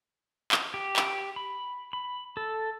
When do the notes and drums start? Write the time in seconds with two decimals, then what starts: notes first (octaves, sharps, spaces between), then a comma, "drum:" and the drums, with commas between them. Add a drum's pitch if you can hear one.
0.52 drum: clap
0.74 G4
0.96 drum: clap
1.36 B5
1.93 B5
2.37 A4